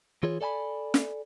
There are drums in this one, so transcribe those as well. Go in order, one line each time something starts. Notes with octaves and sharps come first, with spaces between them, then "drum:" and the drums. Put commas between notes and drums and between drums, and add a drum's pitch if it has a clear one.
E3 F4 G#4 C#5
A4 D5 G#5 A5 B5
drum: snare